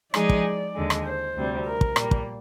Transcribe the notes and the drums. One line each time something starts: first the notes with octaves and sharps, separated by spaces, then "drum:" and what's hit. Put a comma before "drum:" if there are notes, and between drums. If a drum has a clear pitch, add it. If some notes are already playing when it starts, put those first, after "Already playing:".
F3 G#3 D#4 G#4 D5, drum: rim click
drum: kick
D#2 D3 G#3
drum: rim click
C5
D2 C3 G3
A#4
drum: kick
A#2 G3 A#3, drum: rim click
drum: kick